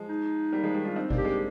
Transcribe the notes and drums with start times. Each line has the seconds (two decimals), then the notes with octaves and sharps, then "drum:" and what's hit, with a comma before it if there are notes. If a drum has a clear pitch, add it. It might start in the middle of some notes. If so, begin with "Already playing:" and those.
Already playing: F3 G#3
0.09 D#4
0.52 G3 A#3
0.63 F3 G#3
0.74 D#3 G3
0.85 D4 F4
0.96 C4 D#4
1.10 A#3 D4, drum: kick G1
1.17 G4
1.25 G#3 C4